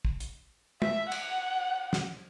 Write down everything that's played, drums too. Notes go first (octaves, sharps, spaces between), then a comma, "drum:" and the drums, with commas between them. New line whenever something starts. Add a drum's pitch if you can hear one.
drum: kick
drum: hi-hat
E5, drum: tom
F#5, drum: cymbal
drum: snare